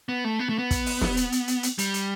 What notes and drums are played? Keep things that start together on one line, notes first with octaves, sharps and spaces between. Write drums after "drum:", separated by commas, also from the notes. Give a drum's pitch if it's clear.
B3
A3
B3
A3
B3
drum: kick, hi-hat
drum: open hi-hat
drum: snare
drum: hi-hat
drum: hi-hat
drum: hi-hat
drum: hi-hat
G3, drum: hi-hat
drum: hi-hat